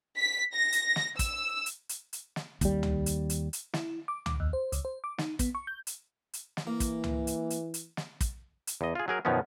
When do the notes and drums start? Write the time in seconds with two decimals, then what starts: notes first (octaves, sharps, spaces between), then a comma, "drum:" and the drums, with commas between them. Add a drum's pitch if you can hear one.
0.18 B6
0.54 A#6
0.72 drum: hi-hat
0.96 drum: snare
1.19 E6, drum: kick, hi-hat
1.66 drum: hi-hat
1.89 drum: hi-hat
2.13 drum: hi-hat
2.36 drum: snare
2.61 D#2 G3, drum: kick, hi-hat
2.83 drum: tom
3.06 drum: hi-hat
3.30 drum: hi-hat
3.53 drum: hi-hat
3.74 E4, drum: snare
4.08 D6
4.26 D6, drum: tom
4.40 D#2
4.53 C5
4.72 C#2, drum: hi-hat
4.85 C5
5.04 D6
5.18 D#4, drum: snare
5.39 B3, drum: kick, hi-hat
5.55 C#6
5.67 G6
5.87 drum: hi-hat
6.33 drum: hi-hat
6.57 drum: snare
6.67 E3 A#3
6.80 drum: kick, hi-hat
7.04 drum: tom
7.27 drum: hi-hat
7.50 drum: hi-hat
7.74 drum: hi-hat
7.97 drum: snare
8.21 drum: kick, hi-hat
8.67 drum: hi-hat
8.81 E2 D#5
8.95 F4 G#4
9.08 F#3 G#4 A#4
9.25 F#2 B2 D#3 F3 B3 C#4